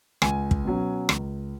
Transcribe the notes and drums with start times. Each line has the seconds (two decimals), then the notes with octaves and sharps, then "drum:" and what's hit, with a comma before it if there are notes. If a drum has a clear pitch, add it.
0.22 C#2 G#5, drum: rim click
0.51 drum: kick
0.65 B2 F#3 C#4
1.09 C#2, drum: rim click